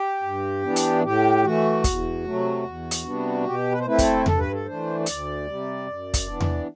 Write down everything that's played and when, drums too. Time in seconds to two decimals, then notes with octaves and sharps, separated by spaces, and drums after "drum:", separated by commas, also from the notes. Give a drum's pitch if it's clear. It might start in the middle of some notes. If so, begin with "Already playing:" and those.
Already playing: G4
0.22 G2
0.63 E3 B3 D4
0.76 drum: hi-hat
1.03 A2 G4
1.43 E3 A3 F#4
1.84 E2, drum: kick, hi-hat
2.24 C3 F#3 A3
2.64 E2
2.91 drum: hi-hat
3.05 C3 G3 B3 D4
3.45 B2 G4
3.72 B4
3.79 C5
3.86 A3 C4 E4 B4
3.98 A4, drum: kick, hi-hat
4.26 G2 A4, drum: tom E2
4.39 B4
4.52 A4
4.66 E3 A3 D4 C5
5.00 C5
5.06 D2 D5, drum: hi-hat
5.47 C3 G3
5.87 F#2
6.14 drum: kick, hi-hat
6.27 E3 B3 D4
6.40 drum: tom E2